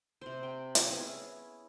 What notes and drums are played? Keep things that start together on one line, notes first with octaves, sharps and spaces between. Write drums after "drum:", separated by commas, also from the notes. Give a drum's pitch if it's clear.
C3 C5
G5
drum: hi-hat
B3 C#4 E4 G#4